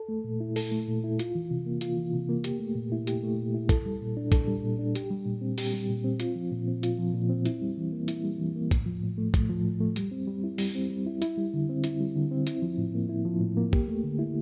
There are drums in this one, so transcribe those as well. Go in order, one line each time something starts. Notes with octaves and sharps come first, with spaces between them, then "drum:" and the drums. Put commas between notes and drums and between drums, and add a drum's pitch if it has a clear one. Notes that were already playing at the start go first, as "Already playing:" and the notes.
Already playing: A4
A3
A#2
E4
A4, drum: open hi-hat
A3
A#2
E4
F4, drum: hi-hat
E3
C3
A#3
F4, drum: hi-hat
E3
C3
A#3
G4, drum: hi-hat
A3
A#2
E4
G4, drum: hi-hat
A3
A#2
E4
A4, drum: kick, hi-hat
G3
A#2
D4
A4, drum: kick, hi-hat
G3
A#2
D4
G4, drum: hi-hat
G3
A#2
C4
G4, drum: open hi-hat
G3
A#2
C4
F4, drum: hi-hat
F3
A#2
C4
F4, drum: hi-hat
F3
A#2
C4
E4, drum: hi-hat
G3
E3
A#3
E4, drum: hi-hat
G3
E3
A#3
A2, drum: kick, hi-hat
F3
A2
A3
A2, drum: kick, hi-hat
F3
A2
A3
G3, drum: hi-hat
C4
G3
E4
G3, drum: open hi-hat
C4
G3
E4
E4, drum: hi-hat
G3
D3
C4
E4, drum: hi-hat
G3
D3
C4
E4, drum: hi-hat
F3
A2
A#3
E4
F3
A2
A#3
G4, drum: kick
A3
D3
E4